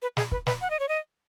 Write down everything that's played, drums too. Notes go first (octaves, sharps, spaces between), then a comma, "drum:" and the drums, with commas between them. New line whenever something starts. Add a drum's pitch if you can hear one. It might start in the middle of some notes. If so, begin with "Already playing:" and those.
B4
G#4, drum: snare
B4, drum: kick
B4, drum: snare
F#5
D#5
C#5
D#5